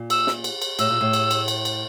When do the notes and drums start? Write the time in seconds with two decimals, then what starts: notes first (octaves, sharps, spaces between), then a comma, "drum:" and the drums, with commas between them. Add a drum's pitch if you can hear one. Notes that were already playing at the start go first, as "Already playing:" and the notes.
Already playing: A#2
0.10 E6, drum: cymbal
0.27 drum: snare
0.44 drum: cymbal
0.62 drum: cymbal
0.79 A2 E6, drum: cymbal
0.90 A#2
1.01 A2
1.13 drum: cymbal
1.31 drum: cymbal
1.48 drum: cymbal
1.65 drum: cymbal